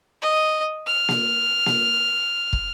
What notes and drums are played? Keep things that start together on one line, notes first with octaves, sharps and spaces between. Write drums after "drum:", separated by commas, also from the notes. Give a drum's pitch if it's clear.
D#5
F6
drum: snare A#3
drum: snare A#3
drum: kick